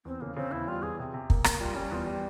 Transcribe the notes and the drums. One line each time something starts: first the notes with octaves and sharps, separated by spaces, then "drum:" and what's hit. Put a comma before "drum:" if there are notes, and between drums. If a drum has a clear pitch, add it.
E2 C4
C#3 A#3
C#3 C4
E2 E4
G3 F4
E2 G#4
C3
C3
A#3, drum: kick
A#3, drum: rim click
G3 F4
G3 C#4
E2 F4
G3 G4